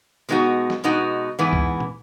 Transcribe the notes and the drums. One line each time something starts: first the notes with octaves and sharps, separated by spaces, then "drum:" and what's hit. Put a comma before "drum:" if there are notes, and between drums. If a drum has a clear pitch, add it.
B2 G#3 B3 D#4 F#4
drum: snare
B2 G#3 B3 D#4 F#4
G#2 E3 B3 E4
drum: kick C#2
drum: tom